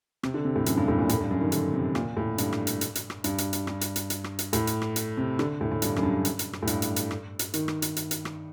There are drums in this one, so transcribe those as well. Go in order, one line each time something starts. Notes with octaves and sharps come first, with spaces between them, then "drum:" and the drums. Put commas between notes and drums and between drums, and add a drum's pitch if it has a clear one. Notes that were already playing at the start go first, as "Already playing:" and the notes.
C3, drum: rim click
D3
C3
A2
F#2, drum: hi-hat
G2
A2
A#2
A2, drum: hi-hat
G2
F#2
D#3
D3, drum: hi-hat
C3
A#2, drum: rim click
A2
G2, drum: hi-hat
drum: rim click
drum: hi-hat
drum: hi-hat
drum: hi-hat
drum: rim click
G2, drum: hi-hat
drum: hi-hat
drum: hi-hat
G2, drum: rim click
drum: hi-hat
drum: hi-hat
drum: hi-hat
drum: rim click
drum: hi-hat
A2, drum: hi-hat
drum: hi-hat
drum: rim click
drum: hi-hat
C3
D3, drum: rim click
A2
A2
G2, drum: hi-hat
F#2, drum: rim click
G2
drum: hi-hat
drum: hi-hat
drum: rim click
A2
G2, drum: hi-hat
drum: hi-hat
drum: hi-hat
drum: rim click
drum: hi-hat
D#3, drum: hi-hat
drum: rim click
drum: hi-hat
drum: hi-hat
drum: hi-hat
drum: rim click